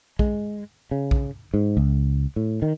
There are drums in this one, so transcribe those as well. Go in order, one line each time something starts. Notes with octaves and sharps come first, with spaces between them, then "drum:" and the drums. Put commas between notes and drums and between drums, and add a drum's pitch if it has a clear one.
G#3, drum: kick A#1
C#3
drum: kick A#1
G#2
C#2
A2
D#3